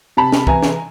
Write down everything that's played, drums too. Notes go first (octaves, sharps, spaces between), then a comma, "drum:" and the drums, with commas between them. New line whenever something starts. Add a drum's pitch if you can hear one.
C3 A5 B5
drum: snare
E3 G#5 A#5, drum: kick C2
drum: snare